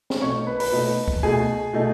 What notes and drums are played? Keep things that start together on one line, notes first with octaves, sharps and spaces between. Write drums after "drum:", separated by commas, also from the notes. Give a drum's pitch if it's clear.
drum: snare
B2 A3 D#4 C#5 C#6
B4 B5
B4 B5, drum: open hi-hat
B2 A3 D#4
drum: kick C#2
B2 A3 D#4 G#4 G#5
B2 A3 D#4